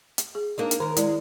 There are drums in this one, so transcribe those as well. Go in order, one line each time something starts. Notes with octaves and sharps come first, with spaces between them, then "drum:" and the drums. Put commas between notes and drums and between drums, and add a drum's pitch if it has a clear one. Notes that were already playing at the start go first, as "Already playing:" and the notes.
drum: hi-hat
G#4
A#3 D4 D#4
drum: hi-hat
D#2 D#3 A#4
G#3 E4 D5, drum: hi-hat